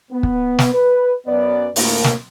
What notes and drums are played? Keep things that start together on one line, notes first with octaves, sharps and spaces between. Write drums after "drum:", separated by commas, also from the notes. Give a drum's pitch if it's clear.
B3
drum: kick
drum: snare
B4
F#2 B3 D5
D2 A2 A#3, drum: open hi-hat
drum: snare